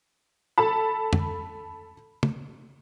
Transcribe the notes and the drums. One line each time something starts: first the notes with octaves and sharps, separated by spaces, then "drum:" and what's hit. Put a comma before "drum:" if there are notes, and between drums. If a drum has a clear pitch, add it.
A4 A5 B5
drum: tom
drum: tom